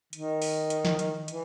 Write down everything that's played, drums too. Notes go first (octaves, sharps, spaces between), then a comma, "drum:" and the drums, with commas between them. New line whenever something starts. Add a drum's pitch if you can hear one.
D#3, drum: hi-hat
drum: open hi-hat
drum: hi-hat
drum: snare
drum: hi-hat
E3, drum: hi-hat